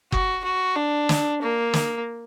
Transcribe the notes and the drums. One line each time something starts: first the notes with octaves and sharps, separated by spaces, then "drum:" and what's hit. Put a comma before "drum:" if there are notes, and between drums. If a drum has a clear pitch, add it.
F#4, drum: kick F#1
F#4
D4
drum: snare
A#3
drum: snare